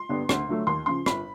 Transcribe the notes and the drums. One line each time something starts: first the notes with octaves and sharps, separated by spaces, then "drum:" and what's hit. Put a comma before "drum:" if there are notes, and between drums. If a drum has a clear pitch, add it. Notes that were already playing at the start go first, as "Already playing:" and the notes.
Already playing: C6
G2 D3 G3 B3
D2, drum: rim click
D3 F#3 A3
D#2 C6
C#3 F3 C6
G1 B5, drum: rim click